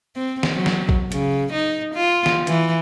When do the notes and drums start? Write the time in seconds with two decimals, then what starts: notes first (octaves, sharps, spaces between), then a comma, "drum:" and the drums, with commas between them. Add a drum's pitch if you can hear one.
0.16 C4
0.43 drum: snare
0.55 F#3
0.66 drum: snare
0.89 drum: kick A1
1.12 C#3, drum: hi-hat
1.52 D#4
1.94 F4
2.26 drum: snare
2.47 E3, drum: hi-hat